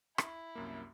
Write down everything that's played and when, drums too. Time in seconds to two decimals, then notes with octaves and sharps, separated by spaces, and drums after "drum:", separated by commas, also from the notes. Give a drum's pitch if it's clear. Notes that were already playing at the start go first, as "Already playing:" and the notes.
0.18 E4, drum: rim click
0.55 C2 F#2 A#3